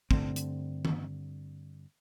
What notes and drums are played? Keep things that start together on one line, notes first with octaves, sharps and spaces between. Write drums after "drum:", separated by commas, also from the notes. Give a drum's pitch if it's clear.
G2 D3 A3 C4, drum: kick
drum: hi-hat
drum: tom D#3